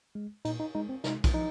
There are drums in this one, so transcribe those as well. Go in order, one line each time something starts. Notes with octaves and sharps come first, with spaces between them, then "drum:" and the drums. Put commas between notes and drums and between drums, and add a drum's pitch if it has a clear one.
G#3
A#2 D#4, drum: cymbal
D#4
G#3 D#4
C4
C3 D#4, drum: snare
drum: kick B1, cymbal
F3 D#4